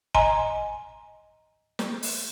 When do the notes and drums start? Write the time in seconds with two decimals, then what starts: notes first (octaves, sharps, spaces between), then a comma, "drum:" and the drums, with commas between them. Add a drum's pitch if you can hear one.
0.15 D#5 G#5 A#5 C6, drum: kick
1.79 drum: snare
2.03 drum: open hi-hat